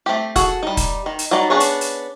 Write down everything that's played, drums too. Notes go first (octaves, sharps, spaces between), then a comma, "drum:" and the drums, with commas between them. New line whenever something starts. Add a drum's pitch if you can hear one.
A3 C4 G4
F#4 G#4 A4, drum: kick, hi-hat
G3 D#4
drum: kick, hi-hat
D#3
drum: hi-hat
F#3 G3 D#4 D5
B3 C#4 D4 G#4 C#5
drum: hi-hat
drum: hi-hat